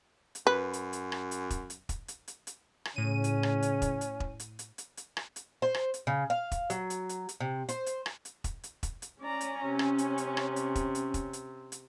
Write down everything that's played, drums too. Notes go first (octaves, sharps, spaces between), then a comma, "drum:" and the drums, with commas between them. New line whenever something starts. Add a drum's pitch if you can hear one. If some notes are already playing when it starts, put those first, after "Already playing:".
drum: hi-hat
F#2 B4
drum: hi-hat
drum: hi-hat
drum: rim click
drum: hi-hat
drum: kick E1, hi-hat
drum: hi-hat
drum: kick E1, hi-hat
drum: hi-hat
drum: hi-hat
drum: hi-hat
drum: rim click
A2 C#3 C#4 D#7
drum: hi-hat
drum: rim click
drum: hi-hat
drum: kick E1, hi-hat
drum: hi-hat
drum: kick E1
drum: hi-hat
drum: hi-hat
drum: hi-hat
drum: hi-hat
drum: rim click
drum: hi-hat
C5
drum: rim click
drum: hi-hat
C#3
F5
drum: kick E1, hi-hat
F#3, drum: hi-hat
drum: hi-hat
drum: hi-hat
drum: hi-hat
C3
C5, drum: hi-hat
drum: hi-hat
drum: rim click
drum: hi-hat
drum: kick E1, hi-hat
drum: hi-hat
drum: kick E1, hi-hat
drum: hi-hat
C#4 D5 A#5
drum: hi-hat
C3
drum: rim click
drum: hi-hat
drum: hi-hat
drum: rim click
drum: hi-hat
drum: kick E1, hi-hat
drum: hi-hat
drum: kick E1, hi-hat
drum: hi-hat
drum: hi-hat